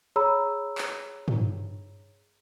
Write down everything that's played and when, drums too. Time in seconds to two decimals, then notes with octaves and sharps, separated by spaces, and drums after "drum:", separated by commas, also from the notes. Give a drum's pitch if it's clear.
0.16 G#4 C#5 A#5 B5 E6
0.78 drum: clap
1.28 drum: tom